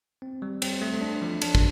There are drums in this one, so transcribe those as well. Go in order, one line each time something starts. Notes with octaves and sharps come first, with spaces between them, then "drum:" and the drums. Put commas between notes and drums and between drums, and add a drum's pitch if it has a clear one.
C4
G3
C4, drum: cymbal
A3
D4
F3
D4, drum: cymbal
drum: kick